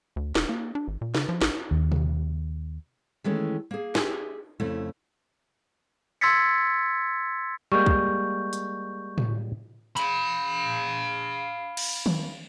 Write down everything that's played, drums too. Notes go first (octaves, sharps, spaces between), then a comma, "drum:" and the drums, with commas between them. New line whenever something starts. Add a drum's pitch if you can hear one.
D2
E1, drum: snare
A#3
D4
G#1
A#2
C#3, drum: snare
F3
A1, drum: snare
D#2
drum: tom B2
D#3 E3 G#3 A3 C#4
A#3 G#4
G4 G#4 E5 G#5, drum: snare
F2 C#3 A3 E4
C6 E6 G#6 A6 B6 C#7
G3 G#3 A#3 C#6 G6
drum: kick
drum: hi-hat
drum: tom A2
F5 B5, drum: hi-hat
drum: cymbal
drum: tom D#3